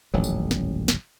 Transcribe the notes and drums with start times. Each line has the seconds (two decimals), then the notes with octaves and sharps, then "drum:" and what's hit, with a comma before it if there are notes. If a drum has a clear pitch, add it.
0.14 D#1 A1 F2 F#3
0.24 drum: tambourine
0.51 drum: snare
0.88 drum: snare